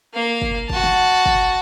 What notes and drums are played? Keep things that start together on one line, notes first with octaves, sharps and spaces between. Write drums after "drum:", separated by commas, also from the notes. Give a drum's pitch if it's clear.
A#3 F5
drum: kick
F#4 A5, drum: kick
drum: snare
drum: kick